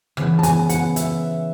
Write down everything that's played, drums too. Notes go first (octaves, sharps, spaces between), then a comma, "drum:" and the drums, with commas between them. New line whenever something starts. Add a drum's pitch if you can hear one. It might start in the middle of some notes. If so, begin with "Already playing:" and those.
C#3 E3 B3, drum: rim click
A5
G#5, drum: hi-hat
F#5, drum: hi-hat
E5, drum: hi-hat